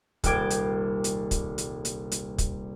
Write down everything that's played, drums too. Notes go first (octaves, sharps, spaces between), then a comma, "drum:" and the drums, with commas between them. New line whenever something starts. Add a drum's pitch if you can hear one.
D#1 C2 G5 D6 G#6, drum: kick, hi-hat
drum: hi-hat
drum: hi-hat
drum: kick, hi-hat
drum: hi-hat
drum: hi-hat
drum: hi-hat
drum: kick, hi-hat